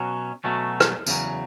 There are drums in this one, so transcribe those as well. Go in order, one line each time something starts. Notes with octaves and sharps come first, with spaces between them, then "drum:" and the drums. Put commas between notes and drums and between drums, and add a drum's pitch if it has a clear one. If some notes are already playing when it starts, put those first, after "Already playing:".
Already playing: B2 F#3 C#4
B2 F#3 A3 C#4
drum: rim click
E2 C#3 F#3, drum: tambourine